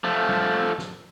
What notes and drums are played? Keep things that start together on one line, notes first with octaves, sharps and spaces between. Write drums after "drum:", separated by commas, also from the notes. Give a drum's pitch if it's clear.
F3 A3
drum: tom G3
drum: snare